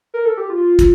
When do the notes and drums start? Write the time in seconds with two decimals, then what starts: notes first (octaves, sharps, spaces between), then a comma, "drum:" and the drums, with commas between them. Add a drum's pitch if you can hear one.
0.14 A#4
0.26 A4
0.38 G4
0.50 F4
0.79 drum: kick, hi-hat